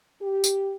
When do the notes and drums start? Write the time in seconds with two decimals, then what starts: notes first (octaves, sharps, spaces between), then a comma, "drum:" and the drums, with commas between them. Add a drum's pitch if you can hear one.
0.21 G4
0.44 drum: tambourine